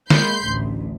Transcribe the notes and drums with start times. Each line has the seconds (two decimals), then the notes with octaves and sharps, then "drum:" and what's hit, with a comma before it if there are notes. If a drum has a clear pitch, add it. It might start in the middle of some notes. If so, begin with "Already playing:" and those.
0.10 G#3 A#3 B5 C6 G6 C7, drum: snare
0.45 A1 D2